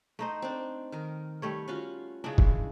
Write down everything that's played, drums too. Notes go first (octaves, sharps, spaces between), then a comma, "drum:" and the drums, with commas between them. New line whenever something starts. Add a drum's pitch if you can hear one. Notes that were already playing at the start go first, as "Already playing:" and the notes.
A3 D#4 C5
C4 D4
D#3 A#4
G3 A3 C#5
C#4 F4 F#4
C#3 G#3 D4 E4
drum: kick